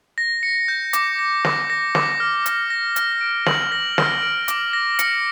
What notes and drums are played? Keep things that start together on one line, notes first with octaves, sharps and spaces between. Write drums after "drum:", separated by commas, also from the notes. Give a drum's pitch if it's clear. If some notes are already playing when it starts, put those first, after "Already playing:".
A#6
C#7
G6
D6, drum: hi-hat
A#6
D6, drum: snare
A#6
D6, drum: snare
F6
D6, drum: hi-hat
A#6
F6, drum: hi-hat
D7
F#7, drum: snare
A#6
F6, drum: snare
D7
D6, drum: hi-hat
A#6
C#7, drum: hi-hat